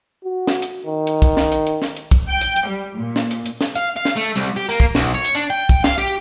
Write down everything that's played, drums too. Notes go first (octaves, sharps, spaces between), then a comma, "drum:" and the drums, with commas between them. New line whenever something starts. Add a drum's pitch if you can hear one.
F#4
drum: snare
drum: hi-hat
D#3
drum: hi-hat
drum: kick, hi-hat
drum: snare
drum: hi-hat
drum: hi-hat
drum: snare
drum: hi-hat
drum: kick, hi-hat
G5
drum: hi-hat
drum: hi-hat
G3
A#2
drum: snare
drum: hi-hat
drum: hi-hat
drum: snare
F5, drum: hi-hat
F5
drum: snare
A3
C2, drum: hi-hat
G4
A#3
drum: kick, hi-hat
B1, drum: snare
C#5
drum: hi-hat
D4
G5
drum: kick, hi-hat
F5, drum: snare
G4, drum: hi-hat